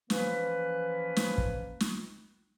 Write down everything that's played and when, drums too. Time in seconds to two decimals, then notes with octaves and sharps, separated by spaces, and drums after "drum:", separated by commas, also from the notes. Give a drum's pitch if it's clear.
0.10 E3 F3 A#3 C#4 B4, drum: snare
1.16 drum: snare
1.38 drum: kick
1.80 drum: snare